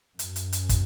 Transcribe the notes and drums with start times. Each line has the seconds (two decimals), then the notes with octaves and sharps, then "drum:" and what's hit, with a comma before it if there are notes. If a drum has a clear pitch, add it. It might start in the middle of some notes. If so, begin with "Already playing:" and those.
0.19 F#2, drum: hi-hat
0.36 drum: hi-hat
0.52 drum: hi-hat
0.69 drum: kick, hi-hat